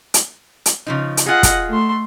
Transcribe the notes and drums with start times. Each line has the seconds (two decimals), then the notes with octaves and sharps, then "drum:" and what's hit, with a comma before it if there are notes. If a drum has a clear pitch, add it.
0.14 drum: hi-hat
0.66 drum: hi-hat
0.87 C#3 F3 D#4
1.17 drum: hi-hat
1.26 F4 G#4 D#5 F#5
1.43 drum: kick, hi-hat
1.69 A3 C6